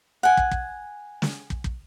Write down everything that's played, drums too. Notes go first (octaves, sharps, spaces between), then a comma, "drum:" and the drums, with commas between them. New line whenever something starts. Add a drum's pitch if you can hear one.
F#5 G#5
drum: kick
drum: kick
drum: snare
drum: kick
drum: kick